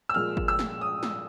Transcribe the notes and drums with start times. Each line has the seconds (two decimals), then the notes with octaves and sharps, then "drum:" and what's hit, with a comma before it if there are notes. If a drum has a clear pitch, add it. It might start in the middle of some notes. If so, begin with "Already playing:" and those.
0.09 E6
0.14 A#2 F3 G#3 F6
0.37 drum: kick G1
0.48 E6
0.59 drum: snare
0.81 D#6
1.03 drum: snare